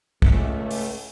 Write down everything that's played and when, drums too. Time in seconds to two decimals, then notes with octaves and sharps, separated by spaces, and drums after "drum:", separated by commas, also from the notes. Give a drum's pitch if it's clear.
0.22 C#2 A3, drum: kick
0.71 drum: open hi-hat